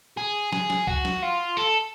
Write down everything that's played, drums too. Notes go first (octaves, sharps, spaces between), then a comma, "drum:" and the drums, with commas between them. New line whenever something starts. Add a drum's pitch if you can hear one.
G#4
G#4, drum: snare
drum: snare
F#4, drum: kick C#2
drum: snare
F4
A4